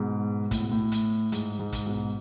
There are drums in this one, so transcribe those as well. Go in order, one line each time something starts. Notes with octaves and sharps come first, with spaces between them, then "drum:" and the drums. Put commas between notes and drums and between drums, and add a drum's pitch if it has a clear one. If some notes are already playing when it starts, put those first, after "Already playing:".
Already playing: G#2 B2
A2, drum: kick, hi-hat
B2
A2
drum: hi-hat
G#2, drum: hi-hat
G#2
drum: kick, hi-hat
G#2 B2